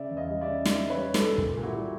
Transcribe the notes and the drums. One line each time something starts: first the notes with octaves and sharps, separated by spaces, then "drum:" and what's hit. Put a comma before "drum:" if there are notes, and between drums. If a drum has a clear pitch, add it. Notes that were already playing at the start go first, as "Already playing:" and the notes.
Already playing: C#3 D5 E5
E2
D#5 F5
G3
D5 E5
C#3
G3 D5 E5, drum: snare
G3
B4 C#5
G3
A4 B4, drum: snare
G3
A#2, drum: kick
A#2
E4 F#4
G3